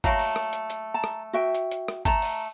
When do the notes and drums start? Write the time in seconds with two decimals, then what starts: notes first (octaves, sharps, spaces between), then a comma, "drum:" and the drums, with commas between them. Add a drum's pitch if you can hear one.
0.04 F#3 A3 A#3, drum: kick G1, hi-hat
0.19 drum: open hi-hat
0.36 drum: rim click
0.53 drum: hi-hat
0.70 drum: hi-hat
0.94 A5 A#5
1.04 drum: rim click
1.33 F#4 E5 G5
1.55 drum: hi-hat
1.71 drum: hi-hat
1.88 drum: rim click
2.05 A3 A5 A#5, drum: kick G1, hi-hat
2.22 drum: open hi-hat